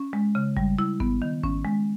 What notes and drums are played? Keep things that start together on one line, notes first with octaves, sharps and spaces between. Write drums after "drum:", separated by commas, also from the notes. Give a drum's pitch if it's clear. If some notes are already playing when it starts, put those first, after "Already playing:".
Already playing: C#4
G#3
C#3
G3, drum: kick G#1
E4
B3, drum: kick G#1
D#3
C#4, drum: kick G#1
G#3